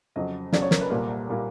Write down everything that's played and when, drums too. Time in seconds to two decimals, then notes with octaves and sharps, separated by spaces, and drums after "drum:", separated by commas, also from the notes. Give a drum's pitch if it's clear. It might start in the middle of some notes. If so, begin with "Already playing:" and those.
0.16 F2 C#3 F#3 D#5
0.53 F2 C#3 F#3 D5, drum: snare
0.62 C#5
0.71 A#4, drum: snare
0.81 B4
0.90 C2 A#2 G3 A#3 A#4
1.29 A#2 G3 A#3